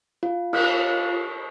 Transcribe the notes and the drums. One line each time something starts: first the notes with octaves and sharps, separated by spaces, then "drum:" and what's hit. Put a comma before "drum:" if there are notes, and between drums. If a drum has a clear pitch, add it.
F4
F4, drum: cymbal